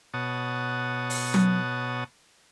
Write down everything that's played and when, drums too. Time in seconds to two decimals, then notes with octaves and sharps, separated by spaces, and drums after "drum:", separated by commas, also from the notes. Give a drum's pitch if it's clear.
0.14 B2 C#5 F#5 A5 D#6
1.10 drum: open hi-hat
1.34 drum: tom F#3